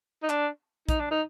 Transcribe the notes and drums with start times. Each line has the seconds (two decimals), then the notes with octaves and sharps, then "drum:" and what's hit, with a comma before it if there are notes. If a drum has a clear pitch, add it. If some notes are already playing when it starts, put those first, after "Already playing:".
0.23 D#4
0.29 D4, drum: clap
0.89 D#4, drum: kick, hi-hat
1.00 D4
1.11 D#4